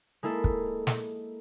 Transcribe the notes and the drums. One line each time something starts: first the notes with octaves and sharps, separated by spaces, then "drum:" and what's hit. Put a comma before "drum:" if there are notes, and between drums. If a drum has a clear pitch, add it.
G#3 A#3 E4 A4
drum: kick
drum: snare